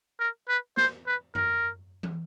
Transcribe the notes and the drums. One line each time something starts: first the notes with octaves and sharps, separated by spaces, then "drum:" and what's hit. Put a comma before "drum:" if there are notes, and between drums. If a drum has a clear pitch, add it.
A#4
B4
C5, drum: snare
B4
A#4, drum: tom F#2
drum: tom